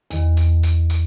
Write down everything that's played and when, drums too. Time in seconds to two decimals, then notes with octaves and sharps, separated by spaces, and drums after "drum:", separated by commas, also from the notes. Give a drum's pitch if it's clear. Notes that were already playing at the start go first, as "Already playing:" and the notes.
0.11 E2 D#3, drum: tambourine
0.37 drum: tambourine
0.63 drum: tambourine
0.90 drum: tambourine